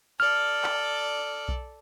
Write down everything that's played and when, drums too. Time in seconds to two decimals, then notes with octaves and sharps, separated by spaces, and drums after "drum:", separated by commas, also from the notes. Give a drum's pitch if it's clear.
0.20 A4 D5 F6
0.64 drum: clap
1.48 drum: kick B1